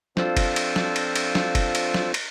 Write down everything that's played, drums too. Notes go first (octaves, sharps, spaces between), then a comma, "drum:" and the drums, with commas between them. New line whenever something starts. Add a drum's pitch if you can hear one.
F3 C4 D4 F4 A4 C5, drum: snare
drum: kick, cymbal
drum: cymbal
drum: snare
drum: cymbal
drum: cymbal
drum: snare
drum: kick, cymbal
drum: cymbal
drum: snare
drum: cymbal